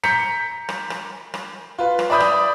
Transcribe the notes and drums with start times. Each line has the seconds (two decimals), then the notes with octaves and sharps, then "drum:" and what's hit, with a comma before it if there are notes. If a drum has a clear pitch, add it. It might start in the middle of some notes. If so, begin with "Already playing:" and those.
0.04 A#5 G6 B6 C#7, drum: rim click
0.69 drum: rim click
0.90 drum: rim click
1.34 drum: rim click
1.78 F4 B4
1.99 drum: rim click
2.10 D5 E5 B5 D#6 G6
2.20 drum: rim click